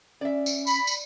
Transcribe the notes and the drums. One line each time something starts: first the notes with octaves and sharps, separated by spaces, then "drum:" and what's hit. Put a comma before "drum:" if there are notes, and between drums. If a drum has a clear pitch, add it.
C#4 D5 E5
drum: tambourine
B5, drum: tambourine
drum: tambourine